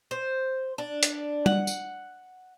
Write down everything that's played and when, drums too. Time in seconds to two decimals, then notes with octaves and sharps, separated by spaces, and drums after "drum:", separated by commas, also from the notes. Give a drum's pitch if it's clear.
0.11 C5
0.78 D4
1.03 drum: hi-hat
1.46 F#5, drum: tom
1.67 drum: tambourine